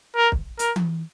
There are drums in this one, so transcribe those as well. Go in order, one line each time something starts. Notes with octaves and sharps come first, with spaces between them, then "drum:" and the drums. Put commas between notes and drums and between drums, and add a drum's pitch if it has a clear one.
A#4
drum: kick
A#4, drum: hi-hat
drum: tom E3